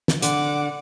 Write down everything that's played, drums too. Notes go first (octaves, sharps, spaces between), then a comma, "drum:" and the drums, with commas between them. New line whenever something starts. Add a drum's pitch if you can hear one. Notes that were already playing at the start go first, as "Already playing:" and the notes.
drum: snare
D3 F#5 D6, drum: hi-hat